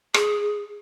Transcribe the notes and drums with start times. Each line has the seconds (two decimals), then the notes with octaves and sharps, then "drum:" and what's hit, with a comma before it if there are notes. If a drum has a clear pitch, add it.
0.14 G#4, drum: rim click